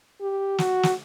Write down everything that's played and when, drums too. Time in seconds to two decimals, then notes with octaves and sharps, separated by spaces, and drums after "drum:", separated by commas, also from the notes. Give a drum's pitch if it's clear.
0.21 G4
0.58 F#4, drum: snare
0.83 drum: snare